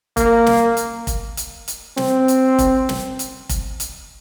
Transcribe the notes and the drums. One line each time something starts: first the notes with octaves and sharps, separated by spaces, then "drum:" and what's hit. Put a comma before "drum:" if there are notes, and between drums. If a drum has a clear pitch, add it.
A#3, drum: kick F1, hi-hat
drum: snare
drum: hi-hat
drum: kick F1, hi-hat
drum: hi-hat
drum: hi-hat
C4, drum: snare
drum: hi-hat
drum: kick F1, hi-hat
drum: snare
drum: hi-hat
drum: kick F1, hi-hat
drum: hi-hat